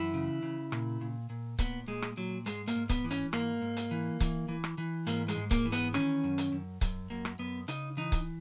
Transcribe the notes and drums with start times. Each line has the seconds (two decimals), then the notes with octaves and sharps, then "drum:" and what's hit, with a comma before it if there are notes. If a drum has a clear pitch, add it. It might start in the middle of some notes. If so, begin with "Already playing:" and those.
Already playing: F#2 E3 E4
0.14 C#3
0.42 C#3
0.72 A#2, drum: rim click
1.01 A#2
1.30 A#2
1.59 A#2 B3, drum: kick C#1, hi-hat
1.88 A#2 G#3
2.02 drum: rim click
2.17 A#2 F#3
2.46 G#2 G#3, drum: hi-hat
2.68 A#3, drum: hi-hat
2.75 G#2
2.89 B3, drum: kick C#1, hi-hat
3.04 E3
3.11 C#4, drum: hi-hat
3.33 G#2 A#3, drum: rim click
3.62 G#2
3.77 drum: hi-hat
3.91 E3
4.20 E3, drum: kick C#1, hi-hat
4.49 E3
4.64 drum: rim click
4.78 E3
5.07 G#2 A#3, drum: hi-hat
5.28 G#3, drum: hi-hat
5.36 G#2
5.51 A#3, drum: kick C#1, hi-hat
5.65 E3
5.72 B3, drum: hi-hat
5.94 D#3 C#4, drum: rim click
6.24 F#2
6.38 drum: hi-hat
6.52 F#2
6.81 F#2, drum: kick C#1, hi-hat
7.10 F#2 A#3
7.25 drum: rim click
7.39 F#2 B3
7.68 C#3 D#4, drum: hi-hat
7.97 E3 D#4
8.12 drum: kick C#1, hi-hat